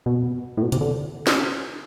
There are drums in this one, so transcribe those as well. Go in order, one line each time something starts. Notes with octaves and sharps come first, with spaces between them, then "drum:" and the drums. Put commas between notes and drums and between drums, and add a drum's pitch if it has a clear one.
B2
A2
B2
C3, drum: hi-hat
D3
drum: snare